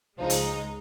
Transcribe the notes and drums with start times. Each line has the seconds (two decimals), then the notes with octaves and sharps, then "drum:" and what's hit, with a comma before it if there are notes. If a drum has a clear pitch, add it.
0.18 C#2 C#3 F3 G#3 D#4
0.30 drum: hi-hat